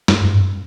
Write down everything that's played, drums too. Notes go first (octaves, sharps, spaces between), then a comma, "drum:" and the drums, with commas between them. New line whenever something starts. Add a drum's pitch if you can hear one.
F#2, drum: snare
F#2
G#2
F#2